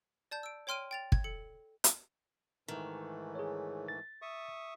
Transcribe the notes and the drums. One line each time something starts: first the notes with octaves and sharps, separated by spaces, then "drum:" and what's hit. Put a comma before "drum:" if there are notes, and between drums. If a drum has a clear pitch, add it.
D5 A5 G6
E6 D7
C#5 G5 C6 F6 D7 D#7
G5 A6 F7
G#6, drum: kick
A4 C#7
drum: hi-hat
G#2 D#3 E3 A3
G#4 C#5
A6
E5 C#6 D#6